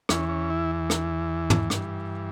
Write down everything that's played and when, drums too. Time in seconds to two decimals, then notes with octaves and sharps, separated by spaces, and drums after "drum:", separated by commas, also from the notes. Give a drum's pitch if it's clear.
0.09 E2 E3 C#4, drum: rim click
0.29 C#4
0.50 E4
0.90 drum: rim click
1.50 drum: tom
1.70 G2 E3, drum: rim click